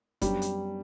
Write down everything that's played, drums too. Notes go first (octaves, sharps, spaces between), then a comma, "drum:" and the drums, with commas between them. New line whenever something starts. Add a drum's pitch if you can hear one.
F#2 F#3 G3 B3 D4 F#4, drum: kick F1, hi-hat
drum: hi-hat